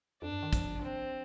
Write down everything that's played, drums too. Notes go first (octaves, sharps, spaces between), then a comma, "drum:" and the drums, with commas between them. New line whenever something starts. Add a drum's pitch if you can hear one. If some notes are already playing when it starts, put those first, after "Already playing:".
F2 D4
G2
D#3
F3, drum: kick, hi-hat
C4